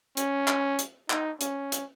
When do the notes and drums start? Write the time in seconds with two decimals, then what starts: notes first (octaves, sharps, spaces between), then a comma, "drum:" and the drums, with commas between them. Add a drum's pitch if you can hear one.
0.17 C#4, drum: hi-hat
0.48 drum: clap
0.79 drum: hi-hat
1.10 D#4, drum: clap
1.41 C#4, drum: hi-hat
1.72 drum: hi-hat